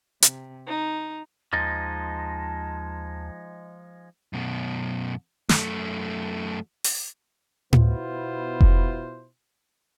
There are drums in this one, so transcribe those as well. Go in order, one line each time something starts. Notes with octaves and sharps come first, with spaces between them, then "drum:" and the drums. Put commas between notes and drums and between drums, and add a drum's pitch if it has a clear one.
C3, drum: hi-hat
D#4
D#2 F3 G#3 D#4 A5 A6
F#2 B2
F#2 A3, drum: snare
drum: open hi-hat
B2 B3 E4 F4 C5, drum: tom A2
drum: kick F1